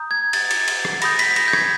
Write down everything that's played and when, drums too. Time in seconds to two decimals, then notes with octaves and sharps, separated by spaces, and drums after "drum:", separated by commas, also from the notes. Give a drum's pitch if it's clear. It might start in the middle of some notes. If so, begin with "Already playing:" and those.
Already playing: A#5 D#6 G6
0.11 G#6
0.33 A6, drum: cymbal
0.51 drum: cymbal
0.68 drum: cymbal
0.85 drum: rim click
1.02 B5 D#6 G6 A#6, drum: cymbal
1.19 B6, drum: cymbal
1.31 B6
1.36 A#6, drum: cymbal
1.48 G6
1.53 G#6, drum: rim click